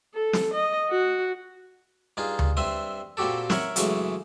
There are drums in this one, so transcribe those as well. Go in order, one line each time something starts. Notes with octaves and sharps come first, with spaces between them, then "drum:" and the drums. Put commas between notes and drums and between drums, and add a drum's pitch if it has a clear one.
A4
drum: snare
D#5
F#4
G2 D#4 F4 G#4
drum: tom D2
G2 C4 E5 C6 D#6
A#2 C4 F#4 G4 A4
A#4 C#5 E5 F#5, drum: snare
F#2 C#3 E3 G#3 A3, drum: hi-hat